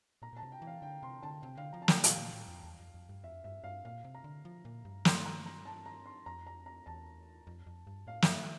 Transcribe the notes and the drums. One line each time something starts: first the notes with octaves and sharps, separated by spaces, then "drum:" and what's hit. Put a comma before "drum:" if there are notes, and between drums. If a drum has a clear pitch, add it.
A#2 A#5
A#2 A5
C3
G5
E3
F5
D3 G5
C3 C6
D3 A5
C3 G5
D3 F5
F3 A#5
A5
D3 G5, drum: snare
A#2 F5, drum: hi-hat
A#2
A2
F2
E2
F2
F2
G2
F2 E5
G2 E5
G2 F5
A#2 F5
C3
A#5
D3
F3
A#2
G2
C6, drum: snare
A#5
A#5
A5
A#5
C6
F2 A#5
A#5
A#5
E2 A5
F2
F2
G2
A2 F5
G2 E5, drum: snare
E5